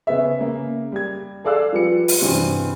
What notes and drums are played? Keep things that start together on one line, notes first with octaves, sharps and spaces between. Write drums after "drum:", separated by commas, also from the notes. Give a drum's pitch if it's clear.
C#3 B3 C#4 G#4 E5
C#3 A#3
G3 G#6
G#4 A4 D5 F5 E6 F#6
F3 G3 B4 C#7
drum: open hi-hat
G2 C3 E3 C4 F#4